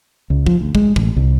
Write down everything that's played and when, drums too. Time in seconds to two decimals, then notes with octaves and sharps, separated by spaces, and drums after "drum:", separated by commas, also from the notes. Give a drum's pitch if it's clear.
0.30 C#2
0.46 F3, drum: kick
0.61 D2
0.75 G#3, drum: kick
0.96 A1, drum: kick
1.16 C2